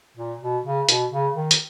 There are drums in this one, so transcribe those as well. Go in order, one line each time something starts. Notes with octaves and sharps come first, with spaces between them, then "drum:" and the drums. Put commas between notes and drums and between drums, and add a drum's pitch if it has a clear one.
A#2
B2
C#3
B2, drum: hi-hat
C#3
D#3
drum: hi-hat